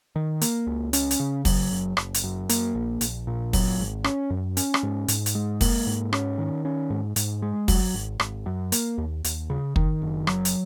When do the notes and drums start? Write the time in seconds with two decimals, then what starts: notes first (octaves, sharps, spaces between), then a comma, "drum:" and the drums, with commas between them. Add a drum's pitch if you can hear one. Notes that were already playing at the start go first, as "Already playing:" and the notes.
0.16 D#3
0.41 A#3, drum: hi-hat
0.67 C#2
0.93 C#4, drum: hi-hat
1.11 drum: hi-hat
1.20 C#3
1.45 F#3, drum: kick, open hi-hat
1.71 F#1
1.97 F#1, drum: rim click
2.14 drum: hi-hat
2.24 F#2
2.49 A#3, drum: hi-hat
2.75 A#1
3.01 A#1, drum: hi-hat
3.27 A#2
3.53 F#3, drum: kick, open hi-hat
3.79 G#1
4.04 C#4, drum: rim click
4.30 F#2
4.57 C#4, drum: hi-hat
4.74 drum: rim click
4.83 G#2
5.08 G#2, drum: hi-hat
5.26 drum: hi-hat
5.35 G#3
5.61 A#3, drum: kick, open hi-hat
5.87 G#2
6.13 C#4, drum: rim click
6.38 D#3
6.65 C#4
6.90 G#2
7.16 G#2, drum: hi-hat
7.42 G#3
7.68 F#3, drum: kick, open hi-hat
7.94 G#1
8.20 G#1, drum: rim click
8.46 F#2
8.72 A#3, drum: hi-hat
8.98 D#2
9.24 D#2, drum: hi-hat
9.50 C#3
9.76 D#3, drum: kick
10.02 F#1
10.27 F#3, drum: rim click
10.45 drum: hi-hat